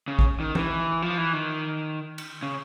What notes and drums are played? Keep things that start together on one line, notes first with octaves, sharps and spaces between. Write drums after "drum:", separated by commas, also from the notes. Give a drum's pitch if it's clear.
C#3
drum: kick
D#3
E3, drum: tom E3
F3
E3
D#3
drum: cymbal
C#3